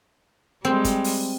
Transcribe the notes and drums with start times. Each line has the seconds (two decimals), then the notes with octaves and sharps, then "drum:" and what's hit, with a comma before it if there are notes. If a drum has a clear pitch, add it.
0.65 G3 G#3 C4
0.84 drum: kick, hi-hat
1.04 drum: open hi-hat